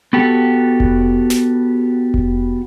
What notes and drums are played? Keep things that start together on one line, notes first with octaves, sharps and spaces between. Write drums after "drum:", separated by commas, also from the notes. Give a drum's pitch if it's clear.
B3 F#4 G4 A4
drum: kick F1
drum: snare
drum: kick F1